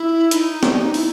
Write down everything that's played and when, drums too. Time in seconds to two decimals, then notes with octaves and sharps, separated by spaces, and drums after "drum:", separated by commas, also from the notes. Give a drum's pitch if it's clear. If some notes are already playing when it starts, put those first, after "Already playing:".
Already playing: E4
0.31 D#4, drum: hi-hat
0.63 drum: snare
0.94 E4, drum: open hi-hat